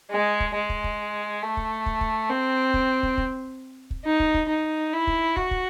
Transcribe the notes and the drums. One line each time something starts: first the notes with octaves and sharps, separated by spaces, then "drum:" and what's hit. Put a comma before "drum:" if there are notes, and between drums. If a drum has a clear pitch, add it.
G#3
drum: kick
G#3
drum: kick
drum: kick
A3
drum: kick
drum: kick
drum: kick
C4
drum: kick
drum: kick
drum: kick
drum: kick
D#4
drum: kick
drum: kick
D#4
E4
drum: kick
F#4, drum: kick
drum: kick